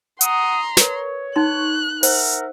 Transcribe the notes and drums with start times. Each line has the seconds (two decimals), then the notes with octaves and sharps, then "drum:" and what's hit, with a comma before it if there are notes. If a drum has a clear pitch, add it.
0.21 F#5 A#5 C6 D#6, drum: hi-hat
0.77 A#4 B4 C#5, drum: snare
1.36 D#4 C6 F#6
2.03 A#4 C5 E5 F#5, drum: open hi-hat